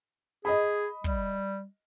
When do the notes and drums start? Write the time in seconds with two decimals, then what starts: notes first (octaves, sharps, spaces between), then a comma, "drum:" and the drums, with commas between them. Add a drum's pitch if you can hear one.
0.45 G#4 D#5 B5
1.04 G3, drum: kick